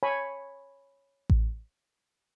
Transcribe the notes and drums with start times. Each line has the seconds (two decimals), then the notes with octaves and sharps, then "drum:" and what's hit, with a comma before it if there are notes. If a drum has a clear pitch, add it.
0.03 C#5 G#5 B5
1.30 drum: kick A1